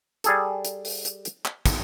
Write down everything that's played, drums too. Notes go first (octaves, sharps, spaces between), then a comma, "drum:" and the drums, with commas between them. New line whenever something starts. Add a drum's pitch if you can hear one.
G3 G#4 A4, drum: hi-hat
drum: hi-hat
drum: open hi-hat
drum: hi-hat
drum: hi-hat
drum: clap
drum: kick, hi-hat